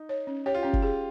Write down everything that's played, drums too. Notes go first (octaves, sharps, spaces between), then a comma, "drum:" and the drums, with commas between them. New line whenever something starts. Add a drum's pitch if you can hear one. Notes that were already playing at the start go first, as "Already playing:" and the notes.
Already playing: D#4
C#5
C#4
G4 C#5
F4
C#4 G4
drum: kick
G#4